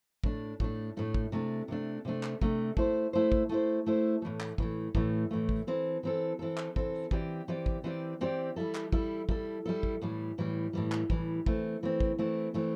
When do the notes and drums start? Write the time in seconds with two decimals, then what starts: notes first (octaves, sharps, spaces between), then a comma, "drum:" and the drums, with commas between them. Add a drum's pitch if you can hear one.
0.24 A2 A3 D4, drum: kick
0.60 A2 A3 D4, drum: kick
0.97 A2 A3 D4
1.14 drum: kick
1.32 C3 A3 D4
1.68 C3 A3 D4
2.05 C3 A3 D4
2.23 drum: clap
2.42 C3 A3 D4, drum: kick
2.77 A3 E4 C5, drum: kick
3.13 A3 E4 C5
3.32 drum: kick
3.49 A3 E4 C5
3.86 A3 E4 C5
4.22 A2 E3 A3
4.40 drum: clap
4.58 A2 E3 A3, drum: kick
4.95 A2 E3 A3, drum: kick
5.31 A2 E3 A3
5.49 drum: kick
5.67 E3 C4 A4
6.03 E3 C4 A4
6.39 E3 C4 A4
6.57 drum: clap
6.76 E3 C4 A4, drum: kick
7.11 E3 C4 G4 D5, drum: kick
7.48 E3 C4 G4 D5
7.66 drum: kick
7.84 E3 C4 G4 D5
8.21 E3 C4 G4 D5
8.56 G3 E4 A4
8.75 drum: clap
8.92 G3 E4 A4, drum: kick
9.29 G3 E4 A4, drum: kick
9.65 G3 E4 A4
9.83 drum: kick
10.02 A2 E3 G3
10.38 A2 E3 G3
10.73 A2 E3 G3
10.92 drum: clap
11.10 A2 E3 G3, drum: kick
11.46 E3 A3 C4, drum: kick
11.83 E3 A3 C4
12.00 drum: kick
12.19 E3 A3 C4
12.54 E3 A3 C4